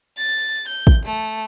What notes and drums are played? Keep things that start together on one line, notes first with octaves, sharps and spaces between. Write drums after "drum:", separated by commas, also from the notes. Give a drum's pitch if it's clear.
A6
G6
drum: kick
A3